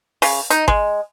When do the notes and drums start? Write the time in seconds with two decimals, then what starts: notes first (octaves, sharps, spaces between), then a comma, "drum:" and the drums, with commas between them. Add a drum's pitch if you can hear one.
0.22 C#3, drum: open hi-hat
0.50 D#4, drum: hi-hat
0.68 G#3, drum: kick G#1